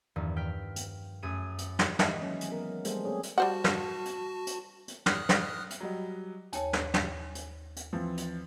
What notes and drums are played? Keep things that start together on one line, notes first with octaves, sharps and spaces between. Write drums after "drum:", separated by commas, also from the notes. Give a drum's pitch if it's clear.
E2 G2 D#3 F3
G5 F6 B6 D7
drum: hi-hat
F#2 A3 G#4 D#7
drum: hi-hat
drum: snare
E3 G#3 D#5 E5, drum: snare
D#3 F#3 A#3 C#4
drum: hi-hat
B3 C#4 A#4
G3 G#3 A#3 G#4 A4 C5, drum: hi-hat
A3 C4 G4 G#4 C#5
drum: hi-hat
G3 F#4 C5 F#5 A5
drum: snare
drum: hi-hat
drum: hi-hat
drum: hi-hat
D#6 F6 F#6, drum: snare
drum: snare
drum: hi-hat
F#3 G3 D#5
D#2 C#5 G#5 A5, drum: hi-hat
drum: snare
drum: snare
drum: hi-hat
drum: hi-hat
E3 F3 C4
drum: hi-hat